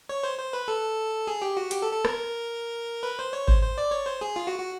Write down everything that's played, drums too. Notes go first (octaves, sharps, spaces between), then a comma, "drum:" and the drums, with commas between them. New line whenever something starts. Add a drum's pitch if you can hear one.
C#5
C5
C5
B4
A4
G#4
G4
F#4
G4, drum: hi-hat
A4
A4
A#4, drum: rim click
B4
C5
C#5
C5, drum: kick G#1
C5
D5
C#5
C5
G#4
F4
F#4
F#4